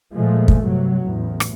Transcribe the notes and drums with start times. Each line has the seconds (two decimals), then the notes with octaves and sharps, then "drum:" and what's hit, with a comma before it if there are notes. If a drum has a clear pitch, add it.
0.13 A#2 F3 G#3 A3
0.48 drum: kick
0.61 G2 C3 F#3
1.03 A1 E2
1.40 drum: rim click